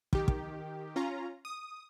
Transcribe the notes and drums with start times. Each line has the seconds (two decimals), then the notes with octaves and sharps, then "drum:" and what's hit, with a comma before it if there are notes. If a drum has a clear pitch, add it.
0.13 D#3 G4, drum: kick
0.28 drum: kick
0.96 C#4 F4 A#5
1.45 D#6